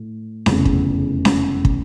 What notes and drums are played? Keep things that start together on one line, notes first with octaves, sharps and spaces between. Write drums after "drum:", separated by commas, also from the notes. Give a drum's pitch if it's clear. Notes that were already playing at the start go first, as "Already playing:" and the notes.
Already playing: A2
F1 E2 C#3, drum: snare C#4
drum: kick
drum: snare C#4
drum: kick